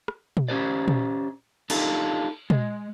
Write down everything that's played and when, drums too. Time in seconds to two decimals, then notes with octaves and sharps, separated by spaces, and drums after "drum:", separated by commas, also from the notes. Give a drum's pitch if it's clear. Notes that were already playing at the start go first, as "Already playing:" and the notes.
0.08 drum: rim click
0.37 drum: tom
0.48 C#4 G4 C5 D5
0.88 drum: tom A#2
1.70 D4 D#4 F4 G4 A4, drum: cymbal
2.50 G#3, drum: tom